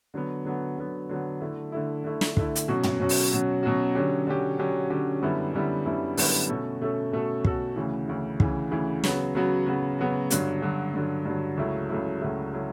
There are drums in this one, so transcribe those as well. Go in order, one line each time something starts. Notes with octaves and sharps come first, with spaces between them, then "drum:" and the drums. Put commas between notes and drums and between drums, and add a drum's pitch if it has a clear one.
D3 F#3 B3
D3 F#3 B3
D3 F#3 B3
D3 F#3 B3
D3 A3 E4
D3 A3 E4
D3 A3 E4
drum: snare
D3 A3 E4, drum: kick
drum: hi-hat
B2 F#3 C#4 F#4
drum: tom
B2 F#3 C#4 F#4
drum: open hi-hat
B2 F#3 C#4 F#4
B2 F#3 C#4 F#4
D3 F#3 C#4 G4
D3 F#3 C#4 G4
D3 F#3 C#4 G4
D3 F#3 C#4 G4
F#2 D3 G3 B3 E4
F#2 D3 G3 B3 E4
F#2 D3 G3 B3 E4
F#2 D3 G3 B3 E4, drum: open hi-hat
B2 A3 C#4 F#4 A4
B2 A3 C#4 F#4 A4
B2 A3 C#4 F#4 A4
B2 A3 C#4 F#4 A4, drum: kick
D2 C#3 E3
D2 C#3 E3
D2 C#3 E3, drum: kick
D2 C#3 E3
C#3 F#3 B3 F#4, drum: snare
C#3 F#3 B3 F#4
C#3 F#3 B3 F#4
C#3 F#3 B3 F#4
G2 D3 F#3, drum: hi-hat
G2 D3 F#3
G2 D3 F#3
G2 D3 F#3
C#2 C#3 F#3 A3 E4
C#2 C#3 F#3 A3 E4
C#2 C#3 F#3 A3 E4
C#3 F#3 A3 E4